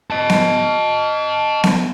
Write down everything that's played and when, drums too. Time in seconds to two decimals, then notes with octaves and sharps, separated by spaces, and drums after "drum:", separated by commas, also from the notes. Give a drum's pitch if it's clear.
0.10 D#5 A5
0.30 drum: snare B3
1.64 drum: snare B3